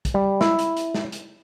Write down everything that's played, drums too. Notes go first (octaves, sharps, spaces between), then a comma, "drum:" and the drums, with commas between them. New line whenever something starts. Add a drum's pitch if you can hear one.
drum: kick, hi-hat
G3
E4, drum: snare
drum: hi-hat
drum: hi-hat
drum: snare
drum: hi-hat